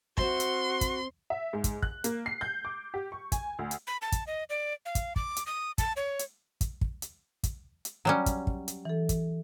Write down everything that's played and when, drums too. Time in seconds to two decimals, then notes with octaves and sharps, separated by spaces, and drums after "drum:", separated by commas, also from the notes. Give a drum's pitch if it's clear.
0.18 C4 F#4 C5 E5 C6, drum: kick
0.40 drum: hi-hat
0.81 drum: kick, hi-hat
1.30 E5
1.53 G#2
1.64 drum: kick, hi-hat
1.82 F#6, drum: kick
2.04 A#3, drum: hi-hat
2.26 C7
2.41 G6
2.65 D6
2.94 G4
3.12 C#6
3.32 G#5, drum: kick, hi-hat
3.59 D2
3.71 drum: hi-hat
3.87 B5
4.02 A5
4.12 drum: kick, hi-hat
4.27 D#5
4.50 D5
4.86 F5
4.95 drum: kick, hi-hat
5.16 D6, drum: kick
5.37 drum: hi-hat
5.46 D#6
5.78 A5, drum: kick, hi-hat
5.97 C#5
6.19 drum: hi-hat
6.61 drum: kick, hi-hat
6.81 drum: kick
7.02 drum: hi-hat
7.43 drum: kick, hi-hat
7.85 drum: hi-hat
8.05 F#3 G3 C#4
8.26 drum: kick, hi-hat
8.47 drum: kick
8.68 drum: hi-hat
8.85 E3 A4
9.09 drum: kick, hi-hat